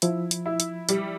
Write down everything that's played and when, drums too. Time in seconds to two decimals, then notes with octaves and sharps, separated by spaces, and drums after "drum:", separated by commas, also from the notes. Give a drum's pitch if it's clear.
0.02 F3 E4, drum: hi-hat
0.31 drum: hi-hat
0.46 E4
0.60 drum: hi-hat
0.89 G3, drum: hi-hat